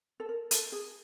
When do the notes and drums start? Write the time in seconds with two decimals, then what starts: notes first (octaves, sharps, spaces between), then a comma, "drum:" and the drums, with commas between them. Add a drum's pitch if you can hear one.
0.20 A4
0.29 A#4
0.51 A4, drum: hi-hat
0.72 G#4